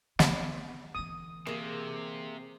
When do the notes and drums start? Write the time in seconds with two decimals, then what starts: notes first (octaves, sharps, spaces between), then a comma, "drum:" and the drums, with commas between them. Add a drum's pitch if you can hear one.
0.19 B3 B5, drum: snare
0.95 D3 E3 D#6
1.47 C3 A#3 G#4